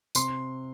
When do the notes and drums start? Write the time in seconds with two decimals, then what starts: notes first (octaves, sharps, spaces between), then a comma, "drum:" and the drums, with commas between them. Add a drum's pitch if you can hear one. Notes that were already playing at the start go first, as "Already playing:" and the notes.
0.15 C3 C6, drum: tambourine